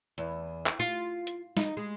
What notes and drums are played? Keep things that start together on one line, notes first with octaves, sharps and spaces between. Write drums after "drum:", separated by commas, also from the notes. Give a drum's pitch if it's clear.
E2
drum: clap
F4
drum: hi-hat
D#4, drum: snare
G#3